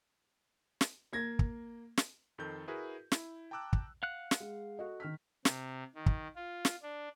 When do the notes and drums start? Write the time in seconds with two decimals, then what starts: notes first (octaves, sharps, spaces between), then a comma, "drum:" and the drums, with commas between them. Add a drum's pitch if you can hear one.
0.81 drum: snare
1.13 A#3 G#6 A#6
1.39 drum: kick
1.97 drum: snare
2.38 F2 D#3 A4 G6
2.68 E4 F#4 G#4 A#4 B4
3.12 E4, drum: snare
3.51 G5 A5 A#5 D6 E6 F#6
3.73 drum: kick
4.03 F5 F#5 F#6
4.31 drum: snare
4.40 G#3
4.79 F#4 A4 D#5
5.00 D#3 F6 B6
5.45 C3, drum: snare
5.95 D#3
6.06 drum: kick
6.35 F4
6.65 drum: snare
6.82 D4